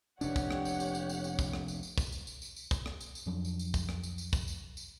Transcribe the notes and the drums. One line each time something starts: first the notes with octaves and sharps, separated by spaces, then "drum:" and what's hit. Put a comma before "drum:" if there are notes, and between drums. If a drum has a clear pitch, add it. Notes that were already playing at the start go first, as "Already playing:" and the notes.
F1 C3 D4 G4 C#5 F#5, drum: tambourine
drum: kick, tambourine
drum: rim click
drum: tambourine
drum: tambourine
drum: tambourine
drum: tambourine
drum: tambourine
drum: kick, tambourine
drum: rim click
drum: tambourine
drum: tambourine
drum: kick, tambourine
drum: tambourine
drum: tambourine
drum: tambourine
drum: tambourine
drum: kick, tambourine
drum: rim click
drum: tambourine
drum: tambourine
F2 F3 F#3 D4
drum: tambourine
drum: tambourine
drum: kick, tambourine
drum: rim click
drum: tambourine
drum: tambourine
drum: kick, tambourine
drum: tambourine
drum: tambourine